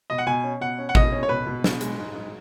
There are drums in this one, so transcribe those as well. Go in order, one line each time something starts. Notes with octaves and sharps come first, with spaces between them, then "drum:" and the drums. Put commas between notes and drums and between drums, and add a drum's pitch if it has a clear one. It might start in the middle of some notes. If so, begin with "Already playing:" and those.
B2 D#5
F#5
B2 G#5
C#4
B2 F#5
C#4
F#5
B2 D#5, drum: kick G#1
C#4
C#5
B2 B4
B2
B2, drum: snare
G#3, drum: hi-hat
G#2
G#2